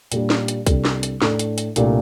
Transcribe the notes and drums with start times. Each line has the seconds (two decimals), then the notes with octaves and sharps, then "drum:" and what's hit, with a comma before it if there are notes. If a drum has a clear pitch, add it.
0.12 A#2 G3 A#3 D4, drum: hi-hat
0.30 drum: snare
0.48 drum: hi-hat
0.67 C2 C3 G3 D4 A4, drum: kick B1, hi-hat
0.85 drum: snare
1.03 drum: hi-hat
1.22 A2 A3 D4 A4, drum: snare
1.39 drum: hi-hat
1.58 drum: hi-hat
1.76 C2 A#2 A3 D4 G4, drum: hi-hat